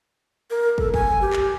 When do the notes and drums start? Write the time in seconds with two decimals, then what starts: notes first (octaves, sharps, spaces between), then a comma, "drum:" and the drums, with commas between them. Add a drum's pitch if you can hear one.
0.50 A#4
0.78 A4, drum: kick
0.94 G#5, drum: kick
1.21 G4
1.33 drum: clap